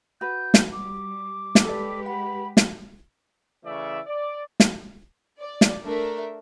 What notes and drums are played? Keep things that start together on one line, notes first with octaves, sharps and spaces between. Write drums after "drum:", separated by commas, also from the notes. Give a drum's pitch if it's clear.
F#4 B4 G6
drum: snare
G3 D6
drum: snare
G#3 G4 A4 B4 D5
F#5 B5
drum: snare
C#3 E3 A3 D5 E5
D5
drum: snare
D5
drum: snare
A3 D4 A#4 E5